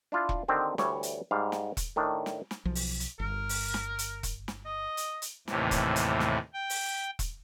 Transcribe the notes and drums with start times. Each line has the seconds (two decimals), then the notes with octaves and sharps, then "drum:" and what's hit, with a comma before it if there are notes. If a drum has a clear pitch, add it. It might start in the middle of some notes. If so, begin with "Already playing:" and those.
0.12 D4 E4 F4
0.29 drum: kick E1
0.48 D3 D#3 C4 G4
0.78 D2 E3 G3 C#5, drum: snare
1.03 drum: hi-hat
1.31 G#2 G3 F5
1.52 drum: snare
1.77 drum: kick E1, hi-hat
1.96 A2 D#3 D4
2.26 drum: snare
2.51 drum: snare
2.65 B1 F3
2.75 drum: open hi-hat
3.00 drum: hi-hat
3.20 G1 A#4
3.49 drum: open hi-hat
3.74 drum: snare
3.99 drum: hi-hat
4.23 drum: kick E1, hi-hat
4.48 drum: snare
4.66 D#5
4.97 drum: hi-hat
5.22 drum: hi-hat
5.48 D#2 A2 C3 E3, drum: snare
5.71 drum: kick E1, hi-hat
5.96 drum: hi-hat
6.20 drum: snare
6.54 G5
6.70 drum: open hi-hat
7.19 drum: kick E1, hi-hat